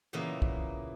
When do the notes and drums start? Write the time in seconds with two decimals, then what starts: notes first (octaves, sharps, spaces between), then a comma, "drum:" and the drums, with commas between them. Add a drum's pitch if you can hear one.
0.13 A#2 C#3 E3 A#3 B3 D#5
0.42 drum: kick